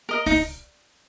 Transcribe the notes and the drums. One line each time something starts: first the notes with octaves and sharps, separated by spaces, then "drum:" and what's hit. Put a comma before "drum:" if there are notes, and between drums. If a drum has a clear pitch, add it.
A#4 D#5
D#4, drum: kick C#2, open hi-hat